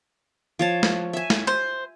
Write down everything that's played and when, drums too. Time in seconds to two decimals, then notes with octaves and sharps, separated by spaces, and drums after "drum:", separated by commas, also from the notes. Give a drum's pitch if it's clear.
0.59 F3 C#5 A5
0.83 drum: snare
1.13 E5 G#5
1.30 drum: snare
1.47 C5